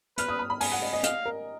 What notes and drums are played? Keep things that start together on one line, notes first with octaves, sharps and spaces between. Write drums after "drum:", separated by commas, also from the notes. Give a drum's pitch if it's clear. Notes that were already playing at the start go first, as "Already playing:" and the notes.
B4 F6, drum: hi-hat
D#6
B5
B5
G#5, drum: open hi-hat
F#5
D#5
D#5
D#5 F5, drum: hi-hat
A#4